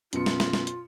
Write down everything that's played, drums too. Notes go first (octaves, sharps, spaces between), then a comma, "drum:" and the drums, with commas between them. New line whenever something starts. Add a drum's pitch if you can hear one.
F#2 B2 F4 C#7, drum: hi-hat
drum: snare
drum: snare
drum: snare
drum: hi-hat